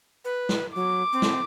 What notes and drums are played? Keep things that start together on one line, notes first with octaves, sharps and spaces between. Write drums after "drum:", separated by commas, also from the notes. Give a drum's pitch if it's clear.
B4
drum: snare
F#3 D6
C4
drum: snare